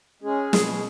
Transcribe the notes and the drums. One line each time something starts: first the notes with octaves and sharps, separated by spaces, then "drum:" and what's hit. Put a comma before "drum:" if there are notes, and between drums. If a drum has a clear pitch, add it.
G#3 C#4 G#4
B2 G#4, drum: snare